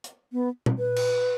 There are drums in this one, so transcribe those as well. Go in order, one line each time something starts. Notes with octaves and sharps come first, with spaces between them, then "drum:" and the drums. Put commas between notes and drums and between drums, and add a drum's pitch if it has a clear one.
drum: hi-hat
B3
drum: tom A#2
B4
drum: cymbal